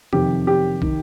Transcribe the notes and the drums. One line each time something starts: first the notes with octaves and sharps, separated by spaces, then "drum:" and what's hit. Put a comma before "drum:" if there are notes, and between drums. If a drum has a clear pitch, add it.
F2 C3 D#3 G4, drum: tom E2
G4
D#3, drum: kick